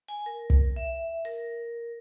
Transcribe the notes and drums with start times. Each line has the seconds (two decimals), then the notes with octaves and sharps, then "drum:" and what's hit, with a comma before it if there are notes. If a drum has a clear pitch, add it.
0.08 G#5
0.26 A#4
0.50 drum: kick
0.76 E5
1.25 A#4